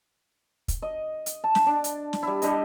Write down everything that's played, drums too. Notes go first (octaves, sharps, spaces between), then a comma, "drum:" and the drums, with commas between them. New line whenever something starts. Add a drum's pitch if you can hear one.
drum: kick, hi-hat
D#5
drum: hi-hat
A5
drum: snare
D4
drum: hi-hat
drum: snare
G3 E4
G3 D4 G4 D#5, drum: hi-hat